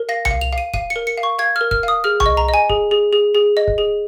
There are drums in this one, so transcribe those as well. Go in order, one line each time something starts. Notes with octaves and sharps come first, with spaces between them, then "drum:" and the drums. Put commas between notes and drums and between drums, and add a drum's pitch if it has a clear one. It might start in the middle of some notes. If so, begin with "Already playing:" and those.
Already playing: A#4
F5 A#6
C#7, drum: tom C2
F5
F7
F5
D#7
F5 D#7, drum: kick
C#7
A#4
C#7
F5
C#6
F5 G#6
F6
A#4
F6, drum: kick
F5 D#6
G#4 F6
C#6, drum: tom C2
D#5
A#5
D#5
G#5
G#4, drum: kick
G#4
G#4
G#4
D#5
drum: kick
G#4